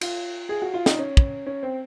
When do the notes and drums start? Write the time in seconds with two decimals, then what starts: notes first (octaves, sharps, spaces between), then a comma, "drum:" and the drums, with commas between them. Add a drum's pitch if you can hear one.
0.01 F4, drum: cymbal
0.49 G#4
0.62 F#4
0.74 F4
0.86 D#4, drum: snare
0.99 C#4
1.17 drum: kick
1.47 C#4
1.63 C4